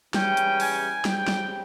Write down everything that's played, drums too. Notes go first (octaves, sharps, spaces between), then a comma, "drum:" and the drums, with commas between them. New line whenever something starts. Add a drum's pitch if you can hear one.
C#3 E3 G3 C#4 G5, drum: snare
drum: hi-hat
G#5, drum: open hi-hat
C#3 G3 C4 G5, drum: snare
drum: snare